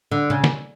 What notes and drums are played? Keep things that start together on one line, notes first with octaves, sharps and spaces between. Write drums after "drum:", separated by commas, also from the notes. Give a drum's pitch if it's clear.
D3
C#3
drum: snare